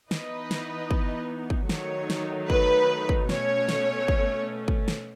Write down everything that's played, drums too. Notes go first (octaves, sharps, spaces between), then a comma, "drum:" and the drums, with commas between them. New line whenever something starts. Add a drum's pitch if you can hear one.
E3 B3 D#4 B4 D#5, drum: snare
drum: snare
drum: kick
drum: kick
D#3 F#3 A3 D#4 C#5, drum: snare
drum: snare
B4, drum: kick
drum: kick
B2 A3 C#4 C#5, drum: snare
drum: snare
drum: kick
drum: kick
drum: snare